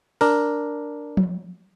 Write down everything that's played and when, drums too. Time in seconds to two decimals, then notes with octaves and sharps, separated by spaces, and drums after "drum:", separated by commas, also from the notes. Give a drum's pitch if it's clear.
0.21 D4 A#4, drum: open hi-hat
1.17 drum: tom F3